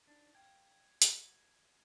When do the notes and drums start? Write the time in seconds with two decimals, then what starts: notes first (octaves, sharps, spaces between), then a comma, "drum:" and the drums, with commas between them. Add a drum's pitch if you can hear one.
0.07 D4 D#4
0.35 F5 G5 G#6
1.02 F#4, drum: hi-hat